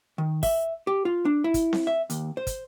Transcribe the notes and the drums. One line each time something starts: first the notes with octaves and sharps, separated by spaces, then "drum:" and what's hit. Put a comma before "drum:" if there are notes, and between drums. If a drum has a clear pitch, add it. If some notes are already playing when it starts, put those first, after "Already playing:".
D#3
E5, drum: kick, open hi-hat
G4
F4
D4
E4
drum: kick, hi-hat
drum: snare C4
E5
D#2, drum: hi-hat
C5
drum: kick, hi-hat